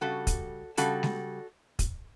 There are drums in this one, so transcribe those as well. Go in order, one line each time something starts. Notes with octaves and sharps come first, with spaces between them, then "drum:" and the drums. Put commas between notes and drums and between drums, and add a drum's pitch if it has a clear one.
C#3 G3 F#4 A4
drum: kick, hi-hat
C#3 G3 F#4 A4, drum: hi-hat
drum: snare G#3
drum: kick, hi-hat